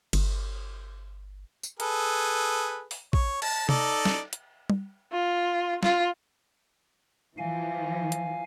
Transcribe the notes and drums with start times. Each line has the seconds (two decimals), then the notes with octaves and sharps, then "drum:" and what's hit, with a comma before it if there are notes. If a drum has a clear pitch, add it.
0.13 G1, drum: cymbal
1.63 drum: tambourine
1.80 G#4 A4 B4, drum: hi-hat
2.91 drum: open hi-hat
3.13 C#5, drum: kick
3.42 A5, drum: cymbal
3.69 D#4 A4 D5, drum: tom C3
4.05 drum: snare
4.33 drum: hi-hat
4.70 drum: tom G3
5.12 F4
5.83 F4, drum: snare
7.38 E3 F3 F5 G#5
8.12 drum: hi-hat